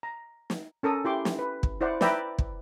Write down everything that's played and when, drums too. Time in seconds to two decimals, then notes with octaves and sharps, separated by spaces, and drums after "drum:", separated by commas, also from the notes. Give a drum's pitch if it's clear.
0.03 A#5
0.50 drum: snare
0.83 C#4 A4 A#4 D#6
1.04 E4 G4 C6 D6
1.25 drum: snare
1.39 B4
1.63 drum: kick
1.81 E4 C5 D5 F#5
2.01 B4 D5 E5 G5 A#5 B5, drum: snare
2.38 drum: kick